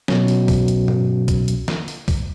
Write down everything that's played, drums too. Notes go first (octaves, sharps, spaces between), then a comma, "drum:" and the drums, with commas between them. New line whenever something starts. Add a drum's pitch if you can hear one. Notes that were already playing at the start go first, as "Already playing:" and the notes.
B2 F#3 C#4, drum: snare
drum: open hi-hat
drum: kick B1, open hi-hat
drum: hi-hat
drum: tom G2
drum: kick B1, hi-hat
drum: hi-hat
drum: snare
drum: open hi-hat
drum: kick B1, open hi-hat